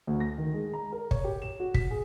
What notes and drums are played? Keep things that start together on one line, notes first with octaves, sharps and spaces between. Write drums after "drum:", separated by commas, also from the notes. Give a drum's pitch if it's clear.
D2
A#6
D#3
G#3
A#5
A#4
C#5, drum: kick
G4
E7
F#4
B6, drum: kick
G#4